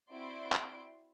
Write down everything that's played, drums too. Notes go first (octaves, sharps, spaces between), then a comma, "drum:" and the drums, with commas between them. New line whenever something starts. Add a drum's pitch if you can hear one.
C4 E4 F#4 D5 C6 D7
drum: clap